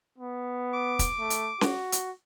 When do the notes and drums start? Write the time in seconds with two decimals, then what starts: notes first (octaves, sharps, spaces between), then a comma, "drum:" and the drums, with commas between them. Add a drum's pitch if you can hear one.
0.18 B3
0.74 D6
0.99 drum: kick, hi-hat
1.19 A3
1.30 drum: hi-hat
1.61 F#4, drum: snare C#4
1.92 drum: hi-hat